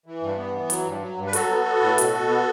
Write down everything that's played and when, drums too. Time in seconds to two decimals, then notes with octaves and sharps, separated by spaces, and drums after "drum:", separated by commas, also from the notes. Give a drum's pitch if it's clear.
0.06 E3
0.22 G2
0.37 B3
0.53 E3
0.70 F#3, drum: hi-hat
0.85 G2
1.02 F#3
1.17 G2
1.27 B4
1.33 F#3 F#4 A4, drum: hi-hat
1.50 B3
1.66 B3
1.82 A2
1.98 B2, drum: hi-hat
2.14 B2
2.29 B3